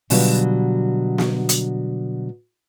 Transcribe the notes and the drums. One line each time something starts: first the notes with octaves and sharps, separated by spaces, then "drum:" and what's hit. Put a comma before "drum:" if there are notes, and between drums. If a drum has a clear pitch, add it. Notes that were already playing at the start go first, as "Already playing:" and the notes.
B2 D3 F#3 G3 F4, drum: open hi-hat
drum: snare
drum: hi-hat